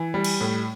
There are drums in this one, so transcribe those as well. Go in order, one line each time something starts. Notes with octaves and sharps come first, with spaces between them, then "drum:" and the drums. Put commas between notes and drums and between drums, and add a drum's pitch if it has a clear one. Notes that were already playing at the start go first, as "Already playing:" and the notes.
Already playing: E3
G3
drum: cymbal
A2